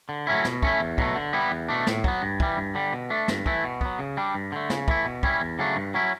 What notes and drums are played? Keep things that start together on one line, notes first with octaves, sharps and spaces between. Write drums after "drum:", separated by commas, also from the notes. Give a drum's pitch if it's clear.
D3
F#3 A3 C#4 E4
B2, drum: snare
A3 C#4 E4, drum: kick
E2
B2 F#3 A3, drum: kick
D3
G3 B3 E4
E2
B2 A3 D4
A2, drum: snare
F#3 B3, drum: kick
G2
E3 G3, drum: kick
G2
D3 G3
B2
A3 D4
G2, drum: snare
E3 A3 E4, drum: kick
B2
F#3 B3, drum: kick
C#3
G3 D4
G2
D3 A3
C#3, drum: snare
E3 A3 E4, drum: kick
B2
G3 C#4 E4, drum: kick
E2
C#3 F#3 A3 D4
G2
F#3 C#4 E4